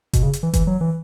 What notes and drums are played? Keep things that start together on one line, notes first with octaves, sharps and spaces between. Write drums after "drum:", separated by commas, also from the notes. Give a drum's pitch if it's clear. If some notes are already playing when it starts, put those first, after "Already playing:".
B2, drum: kick F#1, hi-hat
C#3
drum: hi-hat
E3
E3, drum: kick F#1, hi-hat
F#3
E3